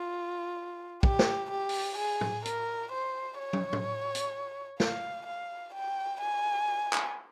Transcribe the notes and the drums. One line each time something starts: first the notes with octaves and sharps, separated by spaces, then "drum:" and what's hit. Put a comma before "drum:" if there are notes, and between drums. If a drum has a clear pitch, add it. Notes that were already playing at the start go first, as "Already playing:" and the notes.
Already playing: F4
G4, drum: kick
drum: snare
G4
drum: open hi-hat
G#4
drum: tom
A#4, drum: hi-hat
C5
C#5
drum: tom
drum: tom
drum: hi-hat
F5, drum: snare
F5
G5
G#5
drum: clap